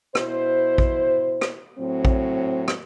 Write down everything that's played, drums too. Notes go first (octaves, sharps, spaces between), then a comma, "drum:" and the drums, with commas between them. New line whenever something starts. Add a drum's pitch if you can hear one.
B2 E4 C5, drum: rim click
drum: kick A#1
drum: rim click
A2 F#3 C4
drum: kick A#1
drum: rim click